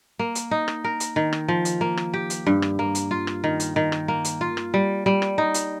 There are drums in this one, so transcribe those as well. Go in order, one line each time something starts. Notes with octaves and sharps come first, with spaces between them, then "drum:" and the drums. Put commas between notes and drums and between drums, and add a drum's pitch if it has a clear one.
A#3
drum: hi-hat
D#4
drum: rim click
A#4
drum: hi-hat
D#3
drum: rim click
F3
drum: hi-hat
A#3
drum: rim click
G4
drum: hi-hat
G2
drum: rim click
A#3
drum: hi-hat
F4
drum: rim click
D#3
drum: hi-hat
D#3
drum: rim click
A#3
drum: hi-hat
F4
drum: rim click
G3
G3
drum: rim click
D#4
drum: hi-hat